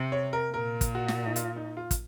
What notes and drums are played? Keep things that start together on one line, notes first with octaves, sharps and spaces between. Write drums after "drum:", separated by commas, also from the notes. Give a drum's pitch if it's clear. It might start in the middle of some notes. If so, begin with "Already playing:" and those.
Already playing: C3
C#5
A#4
A#2 A#4
drum: kick, hi-hat
F#4
drum: snare
D#4
F4, drum: hi-hat
D#4
F4
drum: kick, hi-hat